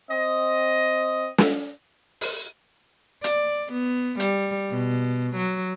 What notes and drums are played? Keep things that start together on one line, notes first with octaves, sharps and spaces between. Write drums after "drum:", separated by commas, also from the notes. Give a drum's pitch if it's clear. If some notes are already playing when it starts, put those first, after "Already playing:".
C4 D#5
drum: snare
drum: open hi-hat
D5, drum: hi-hat
B3
G3, drum: hi-hat
B2
F#3